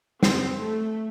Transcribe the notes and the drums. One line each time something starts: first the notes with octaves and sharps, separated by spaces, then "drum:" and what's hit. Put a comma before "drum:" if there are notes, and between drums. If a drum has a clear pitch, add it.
C4, drum: snare
A3